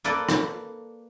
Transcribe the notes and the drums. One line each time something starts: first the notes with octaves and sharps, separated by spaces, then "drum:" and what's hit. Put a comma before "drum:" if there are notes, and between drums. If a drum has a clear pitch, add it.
A#3 A4 B4 D5
drum: rim click